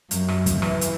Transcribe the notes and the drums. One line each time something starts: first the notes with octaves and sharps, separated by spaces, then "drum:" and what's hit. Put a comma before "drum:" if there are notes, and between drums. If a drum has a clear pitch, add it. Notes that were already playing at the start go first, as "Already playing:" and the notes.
F#2, drum: hi-hat
drum: rim click
drum: kick, hi-hat
E3, drum: rim click
drum: hi-hat